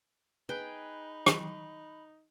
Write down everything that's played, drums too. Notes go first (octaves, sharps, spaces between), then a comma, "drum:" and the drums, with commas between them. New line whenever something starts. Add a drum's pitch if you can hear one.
D#4 G#4 B4 G5 B5
drum: rim click